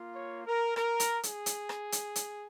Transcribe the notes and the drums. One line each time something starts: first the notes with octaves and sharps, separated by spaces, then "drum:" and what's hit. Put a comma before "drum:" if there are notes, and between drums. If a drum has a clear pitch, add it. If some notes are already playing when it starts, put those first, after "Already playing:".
Already playing: A#3 F4
C#5
A#4
A#4, drum: rim click
drum: hi-hat
G#4, drum: hi-hat
drum: hi-hat
drum: rim click
drum: hi-hat
drum: hi-hat